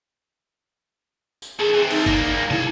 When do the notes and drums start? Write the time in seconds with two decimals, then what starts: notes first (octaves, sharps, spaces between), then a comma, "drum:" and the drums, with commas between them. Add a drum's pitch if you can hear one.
1.42 drum: tambourine
1.60 D#3 G#4 A4
1.73 E3 C4
1.91 C2 D#4, drum: cymbal
2.06 G3 A#3, drum: kick F#1
2.51 E4 G#4 A5, drum: tom